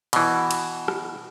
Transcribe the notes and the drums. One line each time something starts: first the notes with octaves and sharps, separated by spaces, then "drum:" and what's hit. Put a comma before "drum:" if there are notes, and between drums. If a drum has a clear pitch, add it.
B2 E3, drum: cymbal
drum: cymbal
drum: rim click